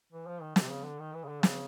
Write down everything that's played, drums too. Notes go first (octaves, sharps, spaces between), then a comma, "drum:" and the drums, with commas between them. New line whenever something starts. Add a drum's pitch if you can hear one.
E3
F3
D#3
D3, drum: snare
C3
C#3
D3
D#3
E3
C#3
D3
C#3, drum: snare